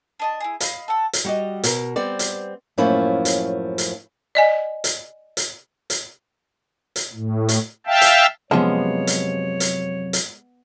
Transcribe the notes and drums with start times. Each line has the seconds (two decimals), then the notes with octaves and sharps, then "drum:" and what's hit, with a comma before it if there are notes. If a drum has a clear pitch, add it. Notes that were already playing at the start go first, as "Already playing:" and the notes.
0.20 D4 D#5 A5
0.40 E4 G#4
0.60 D#5 F5 B5 F6, drum: hi-hat
0.88 A4 F#5
1.13 drum: hi-hat
1.25 G3 F#4 G4 D#5
1.63 B2 A#4, drum: hi-hat
1.96 G3 B3 C4 D5
2.19 drum: hi-hat
2.78 F#2 A2 F3 A#3 C#4 E4
3.25 drum: hi-hat
3.78 drum: hi-hat
4.35 D5 D#5 G#5
4.84 drum: hi-hat
5.37 drum: hi-hat
5.90 drum: hi-hat
6.96 drum: hi-hat
7.13 A2
7.49 drum: hi-hat
7.87 E5 F5 G5 A5
8.01 drum: hi-hat
8.51 F#2 C3 F3 G#3 B3 C#5
9.07 drum: hi-hat
9.60 drum: hi-hat
10.13 drum: hi-hat